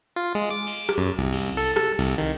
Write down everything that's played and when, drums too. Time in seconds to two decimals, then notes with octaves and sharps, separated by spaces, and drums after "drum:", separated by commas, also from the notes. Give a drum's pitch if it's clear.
0.16 F4
0.35 G#3
0.50 D6
0.67 drum: cymbal
0.89 drum: rim click
0.98 F#2
1.18 C2
1.33 drum: cymbal
1.57 A4, drum: cymbal
1.76 A4, drum: rim click
1.99 C2, drum: cymbal
2.18 D#3